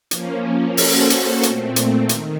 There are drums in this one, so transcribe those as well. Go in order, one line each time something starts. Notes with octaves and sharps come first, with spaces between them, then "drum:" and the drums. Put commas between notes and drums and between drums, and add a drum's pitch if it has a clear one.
F3 A#3 C#4, drum: hi-hat
A#3 C#4 F#4 A4 C5, drum: open hi-hat
drum: hi-hat
A#2 A3 C4, drum: hi-hat
drum: hi-hat
D#3, drum: hi-hat